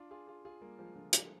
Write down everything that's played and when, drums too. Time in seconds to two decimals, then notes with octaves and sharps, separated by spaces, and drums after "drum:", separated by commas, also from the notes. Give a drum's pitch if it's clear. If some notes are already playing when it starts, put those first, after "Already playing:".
Already playing: D4 F4
0.11 F4 G#4
0.27 F4 G#4
0.45 F4 G#4
0.61 G3 A#3
0.79 F3 G#3
0.95 D3 F3
1.13 D3 F3, drum: hi-hat